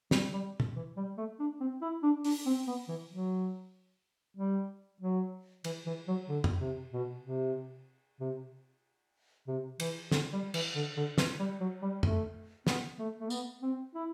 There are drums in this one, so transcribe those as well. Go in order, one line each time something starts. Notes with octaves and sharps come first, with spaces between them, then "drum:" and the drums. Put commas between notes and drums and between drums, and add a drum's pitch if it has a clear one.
G3, drum: snare
G3
drum: tom
E3
G3
A3
D4
C4
E4
D4
D4, drum: open hi-hat
C4
B3
E3
F#3
G3
F#3
E3, drum: cymbal
E3
F#3
D3
drum: tom
C3
B2
C3
C3
C3
E3, drum: cymbal
D3, drum: snare
G3
E3, drum: cymbal
D3
D3
E3, drum: snare
G3
F#3
G3
A3, drum: tom
B3, drum: snare
A3
A3
B3, drum: tambourine
C4
E4